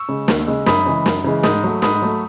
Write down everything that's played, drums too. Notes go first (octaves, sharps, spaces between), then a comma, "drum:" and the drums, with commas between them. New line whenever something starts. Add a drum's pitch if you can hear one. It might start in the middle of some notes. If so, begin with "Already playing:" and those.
Already playing: C#6 E6
C#3 G#3
D#2, drum: snare
C#3 G#3
F#2 B5 D#6, drum: snare
C#3 E3 G#3
F#2, drum: snare
C#3 E3 G#3
G#2 B5 D#6, drum: snare
F#3 A3
G#2 B5 D#6, drum: snare
F#3 A3